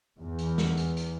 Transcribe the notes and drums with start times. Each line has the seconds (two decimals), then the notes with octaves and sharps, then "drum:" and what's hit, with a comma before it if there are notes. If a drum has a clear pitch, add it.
0.19 E2
0.39 drum: hi-hat
0.58 drum: snare
0.77 drum: hi-hat
0.97 drum: hi-hat